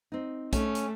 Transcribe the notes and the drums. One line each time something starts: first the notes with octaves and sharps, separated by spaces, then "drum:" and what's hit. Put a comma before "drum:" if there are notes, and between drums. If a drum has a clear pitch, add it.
C4 D#4
A3 C#4, drum: kick B1, hi-hat
drum: hi-hat